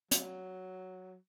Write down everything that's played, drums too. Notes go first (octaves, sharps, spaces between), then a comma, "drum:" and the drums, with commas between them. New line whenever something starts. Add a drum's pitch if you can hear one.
F#3, drum: hi-hat